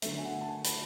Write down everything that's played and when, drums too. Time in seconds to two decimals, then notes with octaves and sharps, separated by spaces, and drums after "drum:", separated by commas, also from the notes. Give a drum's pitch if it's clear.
0.02 D3 F#3 A3 E5, drum: hi-hat
0.18 G#5
0.25 F#5
0.41 A5
0.48 G#5
0.64 B5, drum: hi-hat